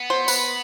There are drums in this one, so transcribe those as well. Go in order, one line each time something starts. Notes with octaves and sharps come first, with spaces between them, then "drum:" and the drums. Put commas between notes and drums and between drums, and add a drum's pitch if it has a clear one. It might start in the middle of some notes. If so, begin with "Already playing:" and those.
Already playing: B3
C5
B4, drum: tambourine